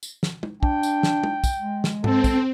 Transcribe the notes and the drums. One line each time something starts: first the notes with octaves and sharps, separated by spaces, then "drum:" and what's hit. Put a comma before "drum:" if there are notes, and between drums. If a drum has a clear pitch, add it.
drum: tambourine
drum: snare
drum: tom
D4 G5, drum: kick
drum: tambourine
drum: snare
drum: tom
drum: kick, tambourine
G#3
drum: snare
C4 A4, drum: tom G#2
drum: kick, tambourine